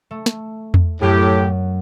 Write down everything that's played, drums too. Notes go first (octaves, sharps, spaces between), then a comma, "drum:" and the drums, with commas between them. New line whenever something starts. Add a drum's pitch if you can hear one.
A3
drum: snare
drum: tom E2
F#2 A2 F#3 G4